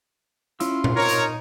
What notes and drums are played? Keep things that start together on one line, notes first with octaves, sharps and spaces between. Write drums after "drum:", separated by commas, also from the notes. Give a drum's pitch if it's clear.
C#4 E4 F4 E6, drum: hi-hat
drum: tom A#2
D#4 A#4 C#5
drum: hi-hat